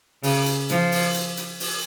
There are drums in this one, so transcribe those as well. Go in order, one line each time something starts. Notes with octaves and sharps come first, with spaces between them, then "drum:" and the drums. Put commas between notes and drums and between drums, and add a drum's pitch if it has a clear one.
C#3, drum: open hi-hat
drum: hi-hat
F3, drum: hi-hat
drum: open hi-hat
drum: hi-hat
drum: hi-hat
drum: open hi-hat